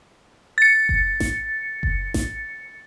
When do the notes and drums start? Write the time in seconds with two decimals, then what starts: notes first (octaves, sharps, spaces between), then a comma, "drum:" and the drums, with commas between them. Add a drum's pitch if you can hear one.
0.58 A6 C#7
0.89 drum: kick F#1
1.20 drum: snare A1
1.83 drum: kick F#1
2.14 drum: snare A1